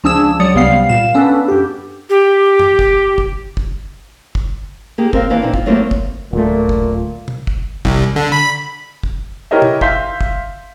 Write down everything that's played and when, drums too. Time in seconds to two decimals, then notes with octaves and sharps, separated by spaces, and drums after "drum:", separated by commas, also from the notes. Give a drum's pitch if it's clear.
0.04 C#2 F3 D4 G#4 E6 E7
0.40 C#2 F#3 D5 D#6 C#7
0.54 C2 C3 G3 B3 F5 C7
0.89 A#2 F5 E7
1.14 B3 C#4 D4 A4 B4
1.48 F#2 G4
2.10 G4
2.59 drum: tom
2.79 drum: kick
3.18 drum: kick
3.57 drum: kick
4.35 drum: kick
4.98 A#3 G4 G#4
5.13 C4 A#4 E5 F5, drum: kick
5.30 D#3 E3 A#3 D4 B4 F5
5.42 A#2 A#3 C4 D#4
5.54 F4, drum: kick
5.66 F#3 G3 A3 A#3 C4 E4
5.91 drum: kick
6.33 D1 A#2 A3
6.69 drum: kick
7.28 drum: tom
7.47 drum: kick
7.85 C2, drum: kick
8.16 D3
8.32 B5
9.03 drum: kick
9.51 E4 G4 A#4 C#5 D#5 E5
9.62 drum: tom
9.81 E5 F5 C6 G6 B6, drum: kick
10.21 drum: kick